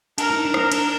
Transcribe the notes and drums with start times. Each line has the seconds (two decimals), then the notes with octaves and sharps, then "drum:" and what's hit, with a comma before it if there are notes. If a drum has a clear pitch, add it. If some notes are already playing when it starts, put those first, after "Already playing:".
0.18 D4 A#4, drum: cymbal
0.31 D#4
0.45 D4
0.54 D#4, drum: rim click
0.58 D4
0.72 D4, drum: cymbal